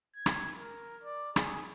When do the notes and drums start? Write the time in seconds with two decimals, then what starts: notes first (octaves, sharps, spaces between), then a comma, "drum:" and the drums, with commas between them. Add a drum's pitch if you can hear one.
0.16 G#6
0.26 drum: rim click
0.58 A#4
1.04 D5
1.36 G#4, drum: rim click